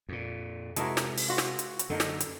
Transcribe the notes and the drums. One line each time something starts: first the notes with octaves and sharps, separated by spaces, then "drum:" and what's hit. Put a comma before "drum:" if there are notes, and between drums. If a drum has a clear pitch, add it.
F2 A#2
C3 G#3 E4 F#4 A#4 A5, drum: hi-hat
drum: snare
drum: open hi-hat
F4 F#4 C6
drum: snare
drum: hi-hat
drum: hi-hat
F#2 D3 A#3 D#4 F#4 A4
drum: snare
drum: hi-hat